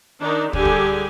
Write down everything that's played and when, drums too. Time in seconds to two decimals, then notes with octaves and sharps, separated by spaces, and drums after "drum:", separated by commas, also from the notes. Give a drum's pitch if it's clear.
0.21 D#3 D4 D#4
0.53 D3 G3 G4 G#4 G#5, drum: kick
0.65 drum: kick